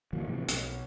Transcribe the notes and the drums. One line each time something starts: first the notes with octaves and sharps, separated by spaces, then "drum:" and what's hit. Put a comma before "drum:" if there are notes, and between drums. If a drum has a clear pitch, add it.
D#3 E3 F#3 A#3
A2 C3 E3 F3
B1, drum: hi-hat